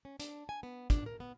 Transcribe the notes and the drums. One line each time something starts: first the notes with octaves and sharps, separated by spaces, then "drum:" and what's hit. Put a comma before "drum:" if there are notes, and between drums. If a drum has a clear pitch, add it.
C#4
D4, drum: hi-hat
G#5
B3
D4, drum: kick, hi-hat
A#4
B3